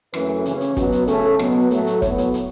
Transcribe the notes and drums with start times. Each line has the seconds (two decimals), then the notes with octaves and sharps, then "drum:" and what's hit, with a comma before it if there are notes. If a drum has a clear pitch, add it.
0.14 F#2 E3 A3 C#4 B4, drum: rim click
0.46 C#3 E3 C#4, drum: hi-hat
0.61 drum: hi-hat
0.77 B2 F#3 B3 F#4, drum: kick, hi-hat
0.92 drum: hi-hat
1.07 C#3 A3 C#4 A4, drum: hi-hat
1.39 B2 F#3 B3, drum: rim click
1.71 A2 F#3 A3, drum: hi-hat
1.87 drum: hi-hat
2.02 A2 F#3 B3 C#5, drum: kick, hi-hat
2.18 drum: hi-hat
2.34 drum: hi-hat